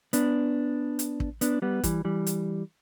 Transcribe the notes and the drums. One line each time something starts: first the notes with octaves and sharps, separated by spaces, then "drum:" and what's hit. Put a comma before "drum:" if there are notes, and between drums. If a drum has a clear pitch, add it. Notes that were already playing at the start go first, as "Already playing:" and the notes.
B3 D4, drum: hi-hat
drum: hi-hat
drum: kick
B3 D4, drum: hi-hat
G3 B3
E3 G3, drum: kick, hi-hat
E3 G3
drum: hi-hat